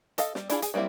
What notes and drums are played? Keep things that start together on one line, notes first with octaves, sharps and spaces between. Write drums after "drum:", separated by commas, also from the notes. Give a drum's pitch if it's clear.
A4 D#5 F5, drum: hi-hat
G3, drum: snare
D4 E4 F4 G#4, drum: hi-hat
G#4, drum: hi-hat
F#3 G3 A#3 C4 E4